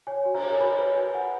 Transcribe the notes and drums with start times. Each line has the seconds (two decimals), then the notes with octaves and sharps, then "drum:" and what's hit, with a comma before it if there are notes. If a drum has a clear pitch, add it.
0.07 C#5 G#5
0.25 F#4
0.34 A#5, drum: cymbal
0.43 C#5 G#5
0.51 A#4 A#5
0.60 F#4 B4 B5
0.78 B4 C#5 B5
0.96 F#4 G#5
1.14 B4 F#5